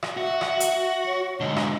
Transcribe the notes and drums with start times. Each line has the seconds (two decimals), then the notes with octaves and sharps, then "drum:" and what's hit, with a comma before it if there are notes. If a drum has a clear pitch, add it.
0.03 drum: rim click
0.17 F#4 E5
0.41 E5, drum: rim click
0.60 drum: hi-hat
1.06 C#5
1.40 G#2 D3 D#5
1.57 drum: rim click